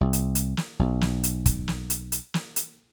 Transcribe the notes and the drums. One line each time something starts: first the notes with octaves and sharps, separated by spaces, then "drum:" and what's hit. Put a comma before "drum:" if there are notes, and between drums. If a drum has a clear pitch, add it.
C2
drum: hi-hat
drum: hi-hat
drum: snare
B1
drum: snare
drum: hi-hat
drum: kick, hi-hat
drum: snare
drum: hi-hat
drum: hi-hat
drum: snare
drum: hi-hat